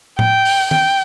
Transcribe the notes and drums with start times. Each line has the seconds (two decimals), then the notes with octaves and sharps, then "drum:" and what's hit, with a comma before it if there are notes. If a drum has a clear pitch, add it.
0.19 G5, drum: tom A2
0.45 drum: open hi-hat
0.71 G5, drum: tom